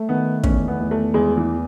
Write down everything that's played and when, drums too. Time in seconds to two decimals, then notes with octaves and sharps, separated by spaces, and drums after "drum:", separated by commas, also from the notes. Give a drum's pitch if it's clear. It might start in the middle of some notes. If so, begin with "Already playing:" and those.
Already playing: A3
0.09 D#3 B3
0.44 E2 C#4, drum: kick
0.68 B3
0.80 E2
0.91 A3
1.14 E2 G#3
1.37 E3